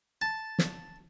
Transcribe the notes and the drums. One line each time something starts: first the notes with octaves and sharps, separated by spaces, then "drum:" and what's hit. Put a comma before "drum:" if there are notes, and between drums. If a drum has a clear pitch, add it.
A5
drum: snare